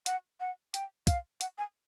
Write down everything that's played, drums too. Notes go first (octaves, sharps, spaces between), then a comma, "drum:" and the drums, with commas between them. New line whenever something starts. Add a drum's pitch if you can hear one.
F#5, drum: hi-hat
F#5
G5, drum: hi-hat
F5, drum: kick, hi-hat
F#5, drum: hi-hat
G#5